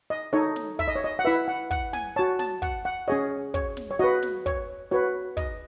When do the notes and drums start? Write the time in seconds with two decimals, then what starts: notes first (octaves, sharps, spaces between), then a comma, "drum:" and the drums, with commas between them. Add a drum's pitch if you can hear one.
0.10 D#5
0.33 D#4 A4 C#5 D#5
0.56 drum: snare
0.79 E5, drum: kick
0.88 D#5
0.96 C#5
1.04 D#5
1.19 F#5
1.25 E4 B4 E5
1.48 F#5
1.71 F#5, drum: kick
1.93 G#5, drum: snare
2.16 F#4 C#5 A5
2.39 A5, drum: snare
2.62 F#5, drum: kick
2.85 F#5
3.08 C#4 G#4 C#5 D#5
3.54 C#5, drum: kick
3.77 drum: snare
3.91 C#5
3.99 F#4 B4 D#5
4.23 drum: snare
4.46 C#5, drum: kick
4.91 F#4 B4 C#5
5.37 D#5, drum: kick